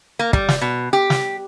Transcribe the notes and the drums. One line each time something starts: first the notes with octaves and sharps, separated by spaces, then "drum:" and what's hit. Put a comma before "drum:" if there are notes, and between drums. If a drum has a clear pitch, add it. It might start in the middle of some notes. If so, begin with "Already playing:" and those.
A#3
G3, drum: kick
drum: snare
B2
G4
drum: snare